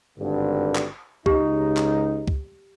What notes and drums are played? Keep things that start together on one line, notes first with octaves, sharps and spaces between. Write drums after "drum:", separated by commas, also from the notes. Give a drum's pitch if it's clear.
G#1 G2 D3
drum: clap
C#2 D#4 G4, drum: kick C#2
drum: clap
drum: kick C#2